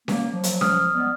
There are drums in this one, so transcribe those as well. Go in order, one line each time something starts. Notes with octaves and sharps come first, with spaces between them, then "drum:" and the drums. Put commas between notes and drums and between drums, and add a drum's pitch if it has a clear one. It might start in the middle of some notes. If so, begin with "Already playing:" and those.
A#3, drum: snare C#4
F3 F#3
drum: hi-hat
D#6 F6, drum: snare C#4
G3 G#3 B3